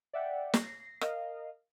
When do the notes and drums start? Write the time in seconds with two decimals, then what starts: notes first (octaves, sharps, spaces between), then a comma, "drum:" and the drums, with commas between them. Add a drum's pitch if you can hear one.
0.13 D5 E5 F#5 G5
0.54 A#6 C7, drum: snare
1.01 A#4 D#5 F5, drum: rim click